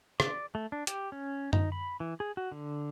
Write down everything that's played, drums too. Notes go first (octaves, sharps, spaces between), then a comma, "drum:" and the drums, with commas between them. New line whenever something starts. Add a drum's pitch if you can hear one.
D5, drum: rim click
A3
D4
G4, drum: hi-hat
C#4
D#4, drum: tom F#2
B5
E3
G#4
F#4
D3